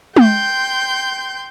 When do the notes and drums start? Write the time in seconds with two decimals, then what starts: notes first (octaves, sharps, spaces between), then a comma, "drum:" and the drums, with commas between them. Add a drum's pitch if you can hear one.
0.16 G5 C6 G6, drum: tom G#3